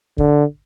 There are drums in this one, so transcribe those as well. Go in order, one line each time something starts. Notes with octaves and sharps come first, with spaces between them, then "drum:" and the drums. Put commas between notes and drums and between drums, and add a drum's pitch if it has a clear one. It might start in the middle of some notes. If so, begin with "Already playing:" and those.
D3, drum: kick